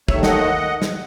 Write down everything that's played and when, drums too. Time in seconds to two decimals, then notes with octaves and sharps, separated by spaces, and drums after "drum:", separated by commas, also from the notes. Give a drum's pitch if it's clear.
0.08 D#2 D#3 A3 C#5 E5, drum: kick
0.23 D#5 F#5, drum: snare
0.82 drum: snare